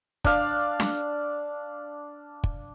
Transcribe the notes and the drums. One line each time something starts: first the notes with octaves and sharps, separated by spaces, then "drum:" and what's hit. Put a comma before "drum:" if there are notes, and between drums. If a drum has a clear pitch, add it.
D4 F5, drum: kick
drum: snare D4
drum: kick